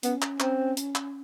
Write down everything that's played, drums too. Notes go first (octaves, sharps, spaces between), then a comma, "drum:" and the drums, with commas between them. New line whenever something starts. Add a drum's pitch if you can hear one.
B3 C#4, drum: hi-hat
drum: clap
C4, drum: clap
drum: hi-hat
drum: clap